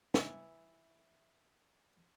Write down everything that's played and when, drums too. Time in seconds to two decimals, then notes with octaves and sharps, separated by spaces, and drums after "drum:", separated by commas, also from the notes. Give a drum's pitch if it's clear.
0.14 D2 G2 E3 E5, drum: snare